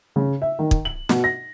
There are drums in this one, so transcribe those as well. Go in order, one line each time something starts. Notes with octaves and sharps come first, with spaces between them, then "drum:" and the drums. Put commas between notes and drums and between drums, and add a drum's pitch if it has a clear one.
C#3
E5
D#3
drum: kick
F#7
B2, drum: snare
A#6